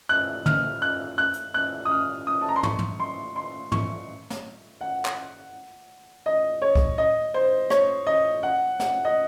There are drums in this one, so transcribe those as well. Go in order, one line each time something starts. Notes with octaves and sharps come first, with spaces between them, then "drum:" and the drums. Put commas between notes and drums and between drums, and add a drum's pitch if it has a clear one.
F#6
F6, drum: tom
F#6
F#6
drum: hi-hat
F#6
D#6
F6
D#6
A5
A#5
C6
C#6, drum: tom
drum: tom
C6
C6
C#6, drum: tom
drum: snare
F#5
drum: clap
D#5
C#5
drum: kick
D#5
C5
C#5, drum: rim click
D#5
F#5
F#5, drum: snare
D#5